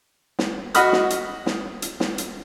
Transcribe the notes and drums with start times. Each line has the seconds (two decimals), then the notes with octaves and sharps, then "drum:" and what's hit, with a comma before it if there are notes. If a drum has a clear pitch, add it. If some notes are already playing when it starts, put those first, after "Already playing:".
0.39 drum: snare
0.75 F#4 D#5 B5 D#6 F6, drum: hi-hat
0.92 drum: snare
1.10 drum: hi-hat
1.46 drum: snare
1.82 drum: hi-hat
2.00 drum: snare
2.18 drum: hi-hat